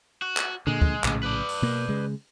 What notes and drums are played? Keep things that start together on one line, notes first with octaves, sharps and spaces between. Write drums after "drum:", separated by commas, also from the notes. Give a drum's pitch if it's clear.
F#4
drum: clap
A#2 D3 G#3
drum: kick
A#1 A2 C#3, drum: clap
B4 D5
drum: open hi-hat
B2 A#3
C#3 G#3